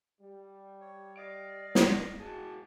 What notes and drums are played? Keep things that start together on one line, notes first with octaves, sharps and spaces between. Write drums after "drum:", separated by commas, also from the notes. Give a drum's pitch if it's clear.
G3
C#5
D5 D#5 F5
drum: snare
G#2 B2 G#3 F#4 G#4 A5